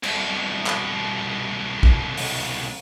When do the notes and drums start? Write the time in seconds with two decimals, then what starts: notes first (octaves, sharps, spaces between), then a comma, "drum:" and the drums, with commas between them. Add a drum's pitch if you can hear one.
0.03 C2 B2, drum: cymbal
0.66 drum: clap
1.83 drum: kick
2.17 drum: open hi-hat